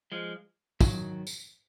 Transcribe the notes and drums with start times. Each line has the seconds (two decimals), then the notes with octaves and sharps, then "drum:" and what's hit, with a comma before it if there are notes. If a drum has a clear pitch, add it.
0.12 F3 G#3
0.81 D#3 F#3, drum: kick, tambourine
1.27 drum: tambourine